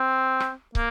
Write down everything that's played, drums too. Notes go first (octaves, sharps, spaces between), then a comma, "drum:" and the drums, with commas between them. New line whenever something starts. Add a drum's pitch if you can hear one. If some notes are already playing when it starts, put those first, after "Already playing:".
Already playing: C4
drum: rim click
A#3, drum: kick